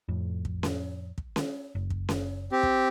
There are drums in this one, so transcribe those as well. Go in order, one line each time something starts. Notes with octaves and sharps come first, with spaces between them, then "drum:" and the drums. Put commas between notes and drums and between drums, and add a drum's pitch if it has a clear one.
F2 A2
drum: kick
drum: snare C#4
drum: kick
drum: snare C#4
F#1
drum: kick
drum: snare C#4
C4 G4
drum: kick